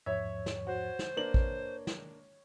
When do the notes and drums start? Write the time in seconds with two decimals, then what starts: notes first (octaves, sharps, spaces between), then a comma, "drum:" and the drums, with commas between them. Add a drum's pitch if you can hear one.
0.06 E2 G#2 F3 C#5 E5
0.46 drum: snare
0.67 F#4 C5
0.99 drum: snare
1.17 A#3 D4 B4 F#7
1.34 drum: kick A1
1.87 drum: snare